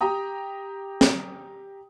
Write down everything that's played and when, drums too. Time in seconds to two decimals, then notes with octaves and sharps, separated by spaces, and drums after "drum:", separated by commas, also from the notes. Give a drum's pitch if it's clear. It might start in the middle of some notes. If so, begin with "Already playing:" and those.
0.01 G4 G5 A#5 D#6
1.01 drum: snare